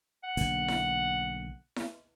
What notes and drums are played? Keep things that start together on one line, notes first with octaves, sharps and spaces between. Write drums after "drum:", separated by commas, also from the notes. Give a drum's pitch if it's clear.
F#5
B1 D3 A#3, drum: hi-hat
drum: snare E4
drum: snare E4